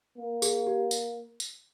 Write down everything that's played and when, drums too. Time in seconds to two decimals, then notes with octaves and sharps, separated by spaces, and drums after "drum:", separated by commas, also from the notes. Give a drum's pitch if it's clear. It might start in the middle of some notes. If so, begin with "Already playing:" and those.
0.18 A#3
0.42 G#4, drum: tambourine
0.67 G4
0.91 drum: tambourine
1.40 drum: tambourine